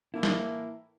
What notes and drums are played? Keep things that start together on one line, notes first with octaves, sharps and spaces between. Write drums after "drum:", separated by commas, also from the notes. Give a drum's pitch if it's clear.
A2 E3 A#3 E4
drum: snare